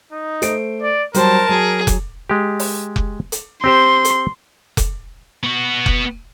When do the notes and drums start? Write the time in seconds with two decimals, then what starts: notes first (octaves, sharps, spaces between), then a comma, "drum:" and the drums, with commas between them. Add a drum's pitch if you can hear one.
0.12 D#4
0.42 A3 C5 D7, drum: hi-hat
0.82 D5
1.14 F#3 G3 A#4 C5 A5, drum: hi-hat
1.49 F#3 G#4
1.87 drum: kick F1, hi-hat
2.30 G#3 G4
2.60 drum: open hi-hat
2.96 drum: kick F1
3.32 drum: hi-hat
3.64 C4 G4 C5 C6
4.05 drum: hi-hat
4.77 drum: kick F1, hi-hat
5.43 B3 F#4
5.86 drum: kick F1